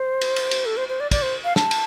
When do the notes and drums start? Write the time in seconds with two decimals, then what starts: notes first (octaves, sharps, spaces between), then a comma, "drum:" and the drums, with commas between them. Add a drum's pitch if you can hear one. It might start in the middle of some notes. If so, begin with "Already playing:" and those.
Already playing: C5
0.21 drum: cymbal
0.36 drum: cymbal
0.51 drum: cymbal
0.66 A4
0.77 C5
0.89 C5
1.00 D5
1.11 D5, drum: kick, cymbal
1.22 C5
1.45 F5
1.56 A5, drum: snare
1.71 drum: cymbal